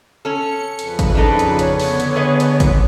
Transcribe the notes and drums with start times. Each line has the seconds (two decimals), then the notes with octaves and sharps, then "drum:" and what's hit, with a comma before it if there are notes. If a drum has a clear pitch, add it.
0.25 C#4 A4 C#7
0.79 F2 C#3 B4, drum: hi-hat
0.99 drum: kick, hi-hat
1.15 D4 D#4 A4
1.39 drum: hi-hat
1.59 D3 B3 C#5, drum: hi-hat
1.80 drum: open hi-hat
2.00 drum: hi-hat
2.15 G#4 B4 D#5
2.40 drum: hi-hat
2.60 drum: kick, hi-hat